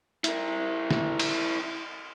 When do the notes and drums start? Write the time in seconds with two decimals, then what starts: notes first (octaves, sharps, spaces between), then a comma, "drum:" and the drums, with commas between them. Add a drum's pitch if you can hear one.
0.24 E4 A#4, drum: hi-hat
0.91 drum: snare
1.19 drum: cymbal